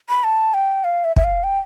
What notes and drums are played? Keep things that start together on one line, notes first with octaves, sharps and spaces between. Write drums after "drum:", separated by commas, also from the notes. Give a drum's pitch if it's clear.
B5
A5
G5
F5
E5
E5, drum: kick
F5
G5